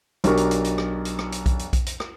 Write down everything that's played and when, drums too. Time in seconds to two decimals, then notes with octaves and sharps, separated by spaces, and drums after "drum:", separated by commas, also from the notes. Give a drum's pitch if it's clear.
0.24 B1 D4 G4 A#4 C#6, drum: hi-hat
0.37 drum: hi-hat
0.51 drum: hi-hat
0.65 drum: hi-hat
0.78 drum: rim click
1.05 drum: hi-hat
1.19 drum: rim click
1.32 drum: hi-hat
1.46 drum: kick B1, hi-hat
1.59 drum: hi-hat
1.73 drum: kick B1, hi-hat
1.86 drum: hi-hat
2.00 drum: rim click